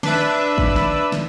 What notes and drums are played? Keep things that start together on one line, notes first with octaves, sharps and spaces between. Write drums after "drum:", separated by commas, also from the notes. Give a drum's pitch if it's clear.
D4 B4 E5, drum: snare
drum: kick
drum: snare
drum: snare